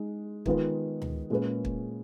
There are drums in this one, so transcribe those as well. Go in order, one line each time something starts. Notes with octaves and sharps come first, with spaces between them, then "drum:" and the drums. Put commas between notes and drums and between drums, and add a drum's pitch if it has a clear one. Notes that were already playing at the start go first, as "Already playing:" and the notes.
Already playing: G#3 D#4
D#3 G#3 B3 F4 B4, drum: kick
drum: tom D2
A#2 G#3 C#4 G#4 B4
drum: kick